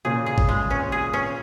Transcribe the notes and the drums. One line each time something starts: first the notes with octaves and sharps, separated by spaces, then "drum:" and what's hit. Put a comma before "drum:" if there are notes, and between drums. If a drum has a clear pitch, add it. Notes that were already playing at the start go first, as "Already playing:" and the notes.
A#2 C#3 G#4
G#4
drum: kick
G#3
C#4
G#4
C#4